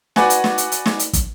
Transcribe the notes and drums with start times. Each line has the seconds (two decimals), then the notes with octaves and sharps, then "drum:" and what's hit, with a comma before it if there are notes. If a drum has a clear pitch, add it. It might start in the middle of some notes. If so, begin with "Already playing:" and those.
0.16 F#4 B4 D5 F#5 G#5, drum: snare
0.30 drum: hi-hat
0.44 drum: snare
0.58 drum: hi-hat
0.72 drum: hi-hat
0.86 drum: snare
0.99 drum: hi-hat
1.13 drum: kick, hi-hat